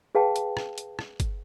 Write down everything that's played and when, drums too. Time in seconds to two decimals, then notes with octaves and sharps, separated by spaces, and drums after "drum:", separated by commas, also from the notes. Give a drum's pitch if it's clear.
0.15 G#4 B4 F5 G5 A5
0.36 drum: hi-hat
0.57 drum: rim click
0.78 drum: hi-hat
0.99 drum: rim click
1.20 drum: kick, hi-hat